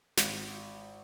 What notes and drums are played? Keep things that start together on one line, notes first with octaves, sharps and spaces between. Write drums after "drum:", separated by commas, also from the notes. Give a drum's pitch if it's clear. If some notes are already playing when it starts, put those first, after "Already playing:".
G#1, drum: snare